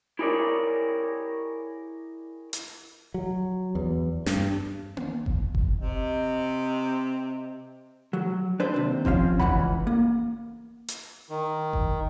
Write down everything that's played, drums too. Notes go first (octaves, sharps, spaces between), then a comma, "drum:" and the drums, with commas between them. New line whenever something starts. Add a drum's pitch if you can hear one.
E4 G4 G#4 A#4 C#5 D5
drum: hi-hat
F#3
E2
G2, drum: snare
drum: tom A#3
drum: kick F#1
drum: kick F#1
C3 D#5
F#3
D4 B4 C5
D#2 C3
F3 C4 C#4 F5, drum: kick F#1
C#2 E3 F#5 B5, drum: kick F#1
A#3
drum: hi-hat
D#3
drum: kick F#1